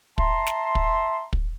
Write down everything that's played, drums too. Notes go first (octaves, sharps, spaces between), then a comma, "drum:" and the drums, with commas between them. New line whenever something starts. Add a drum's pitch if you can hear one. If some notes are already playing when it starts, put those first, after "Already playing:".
E5 A5 A#5 C6, drum: kick
drum: snare
drum: kick
drum: kick